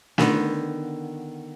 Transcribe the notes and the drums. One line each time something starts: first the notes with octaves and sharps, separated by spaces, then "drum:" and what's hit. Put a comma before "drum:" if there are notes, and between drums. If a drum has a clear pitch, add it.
D3 D#3 B3, drum: snare